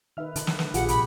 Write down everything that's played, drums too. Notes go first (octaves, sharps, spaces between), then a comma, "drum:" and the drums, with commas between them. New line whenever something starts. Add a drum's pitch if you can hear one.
D#3 D#4 B4 E5 F6
D3, drum: hi-hat
drum: snare
B4, drum: snare
A#1 F4 G4 G#4 F#5, drum: hi-hat
A1 C3 B5, drum: hi-hat